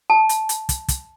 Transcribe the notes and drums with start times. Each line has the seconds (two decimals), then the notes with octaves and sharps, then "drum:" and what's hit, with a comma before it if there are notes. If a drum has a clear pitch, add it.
0.10 A5
0.29 drum: hi-hat
0.49 drum: hi-hat
0.69 drum: kick, hi-hat
0.88 drum: kick, hi-hat